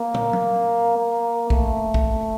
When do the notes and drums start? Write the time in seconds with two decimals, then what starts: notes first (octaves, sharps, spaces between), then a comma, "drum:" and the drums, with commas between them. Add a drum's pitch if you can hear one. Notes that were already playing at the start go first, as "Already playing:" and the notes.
Already playing: A#3
0.14 drum: tom
0.33 drum: tom F#3
0.98 A#3
1.50 A3, drum: kick
1.94 drum: kick